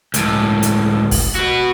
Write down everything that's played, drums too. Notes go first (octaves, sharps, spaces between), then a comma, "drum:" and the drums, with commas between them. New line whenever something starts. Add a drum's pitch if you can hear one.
C#2 A2, drum: hi-hat
drum: hi-hat
drum: kick, open hi-hat
F#4 B4